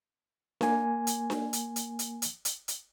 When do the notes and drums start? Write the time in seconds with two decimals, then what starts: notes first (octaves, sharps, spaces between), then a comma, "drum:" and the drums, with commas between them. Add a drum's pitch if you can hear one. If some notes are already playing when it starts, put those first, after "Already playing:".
0.61 A#3 G#5, drum: snare D4
1.07 drum: hi-hat
1.30 drum: snare D4
1.53 drum: hi-hat
1.76 drum: hi-hat
1.99 drum: hi-hat
2.22 drum: hi-hat
2.45 drum: hi-hat
2.68 drum: hi-hat